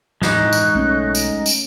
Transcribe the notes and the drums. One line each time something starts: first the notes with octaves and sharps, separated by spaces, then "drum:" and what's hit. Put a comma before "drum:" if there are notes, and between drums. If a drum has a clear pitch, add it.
A2 G#3 D#4 C#6 F#6 G6, drum: snare
drum: tambourine
B1 A3 C#4
drum: tambourine
drum: tambourine